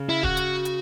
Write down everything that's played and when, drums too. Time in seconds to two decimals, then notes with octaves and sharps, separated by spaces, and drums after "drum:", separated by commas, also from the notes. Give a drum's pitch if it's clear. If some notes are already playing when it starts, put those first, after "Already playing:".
Already playing: C#3
0.09 E4
0.23 F#4, drum: kick
0.37 drum: hi-hat
0.65 drum: hi-hat